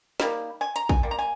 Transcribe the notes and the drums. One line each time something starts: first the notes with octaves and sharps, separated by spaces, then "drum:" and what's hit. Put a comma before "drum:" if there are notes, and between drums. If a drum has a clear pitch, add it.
G3 A#3 D#4 B5, drum: snare
G#5
A#5, drum: hi-hat
G#5, drum: kick
G3 A#3
A#5
G#5